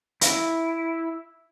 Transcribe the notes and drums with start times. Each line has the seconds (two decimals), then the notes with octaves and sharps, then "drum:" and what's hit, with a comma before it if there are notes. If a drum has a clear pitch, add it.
0.21 E4, drum: hi-hat